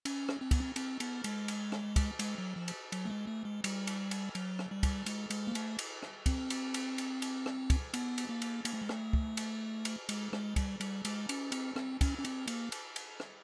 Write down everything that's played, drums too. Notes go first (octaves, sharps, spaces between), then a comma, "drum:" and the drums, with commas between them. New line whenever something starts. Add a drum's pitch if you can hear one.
C#4, drum: cymbal
drum: rim click
C4
B3, drum: kick, cymbal
C4
C4, drum: cymbal
B3, drum: cymbal
G#3, drum: cymbal
drum: cymbal
drum: rim click
drum: kick, cymbal
G#3, drum: cymbal
F#3
F3
drum: cymbal
F#3, drum: cymbal
A3
G#3
A3
G#3
G3, drum: cymbal
drum: cymbal
drum: cymbal
F#3, drum: cymbal
drum: rim click
G3
drum: kick, cymbal
G#3, drum: cymbal
G#3, drum: cymbal
A#3
A3, drum: cymbal
drum: cymbal
drum: rim click
C4, drum: kick, cymbal
drum: cymbal
drum: cymbal
drum: cymbal
drum: cymbal
drum: rim click
drum: kick, cymbal
B3, drum: cymbal
drum: cymbal
A#3
drum: cymbal
A#3, drum: cymbal
A3
G#3
A3, drum: rim click
drum: kick
drum: cymbal
drum: cymbal
G#3, drum: cymbal
G#3, drum: rim click
G3, drum: kick, cymbal
G3, drum: cymbal
G#3, drum: cymbal
C#4, drum: cymbal
C4, drum: cymbal
C4, drum: rim click
C#4, drum: kick, cymbal
C#4
C4, drum: cymbal
A#3, drum: cymbal
drum: cymbal
drum: cymbal
drum: rim click